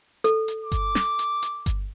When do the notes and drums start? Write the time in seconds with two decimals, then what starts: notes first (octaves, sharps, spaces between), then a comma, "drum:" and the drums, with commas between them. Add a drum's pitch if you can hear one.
0.24 A4, drum: hi-hat
0.48 drum: hi-hat
0.61 D6
0.72 drum: kick G1, hi-hat
0.95 drum: snare
1.19 drum: hi-hat
1.42 drum: hi-hat
1.66 drum: kick G1, hi-hat